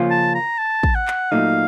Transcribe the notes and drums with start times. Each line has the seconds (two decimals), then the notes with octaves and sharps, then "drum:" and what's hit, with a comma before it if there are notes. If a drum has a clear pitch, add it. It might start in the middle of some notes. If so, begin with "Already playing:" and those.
Already playing: C#3 F3 A#3 C#4 F4
0.11 A5
0.35 A#5
0.59 A5
0.83 drum: kick
0.95 F#5
1.08 drum: clap
1.31 A#2 F#3 A3 D#4 F5